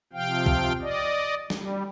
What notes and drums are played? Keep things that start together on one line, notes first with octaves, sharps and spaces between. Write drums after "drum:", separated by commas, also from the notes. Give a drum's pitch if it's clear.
C3 F3 F5 G5
drum: kick
D5 D#5
G3, drum: snare